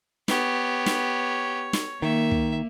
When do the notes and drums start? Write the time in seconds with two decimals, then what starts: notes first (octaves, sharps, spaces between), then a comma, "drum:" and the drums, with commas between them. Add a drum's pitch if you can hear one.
0.28 B3 G4 C#5, drum: snare
0.86 drum: snare
1.73 drum: snare
2.02 D#3 A#3 E5
2.31 drum: kick